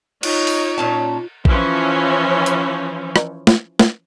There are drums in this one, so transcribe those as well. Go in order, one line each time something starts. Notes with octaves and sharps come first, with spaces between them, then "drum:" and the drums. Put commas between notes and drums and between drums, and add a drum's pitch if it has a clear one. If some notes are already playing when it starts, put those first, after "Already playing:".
D#4 F4 C#5, drum: cymbal
drum: open hi-hat
A#2 C#4 A5
E3 F3 C#4, drum: kick A#1
drum: hi-hat
drum: rim click
drum: snare
drum: snare